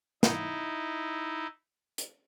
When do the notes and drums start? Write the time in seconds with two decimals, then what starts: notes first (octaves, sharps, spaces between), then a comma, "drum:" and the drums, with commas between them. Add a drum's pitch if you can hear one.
0.23 D#4 E4, drum: snare
1.98 drum: hi-hat